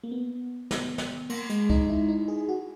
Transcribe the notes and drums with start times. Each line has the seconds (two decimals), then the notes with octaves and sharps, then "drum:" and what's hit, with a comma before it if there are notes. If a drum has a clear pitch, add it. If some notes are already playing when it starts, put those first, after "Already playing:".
0.03 A#3
0.12 B3
0.71 B3, drum: snare
0.98 drum: snare
1.30 A#3, drum: cymbal
1.50 G#3, drum: hi-hat
1.70 D#4, drum: kick C#2
1.90 E4
2.09 D#4
2.28 G#4
2.49 F#4